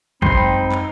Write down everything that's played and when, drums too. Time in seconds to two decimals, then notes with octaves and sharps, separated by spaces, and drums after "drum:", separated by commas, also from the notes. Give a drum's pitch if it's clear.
0.22 F#2 G#3 C4 D#4 G5 B5 C6, drum: kick
0.72 drum: clap